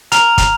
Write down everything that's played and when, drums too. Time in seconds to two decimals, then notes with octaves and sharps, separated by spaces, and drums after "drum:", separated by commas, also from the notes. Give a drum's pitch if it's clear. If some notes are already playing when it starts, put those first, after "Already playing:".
0.12 A#5 F6 F7, drum: hi-hat
0.38 drum: kick, hi-hat